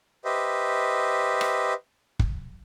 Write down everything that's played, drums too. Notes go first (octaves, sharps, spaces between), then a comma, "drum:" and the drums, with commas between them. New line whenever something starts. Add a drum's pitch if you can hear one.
G4 B4 C5 D#5 E5
drum: rim click
drum: kick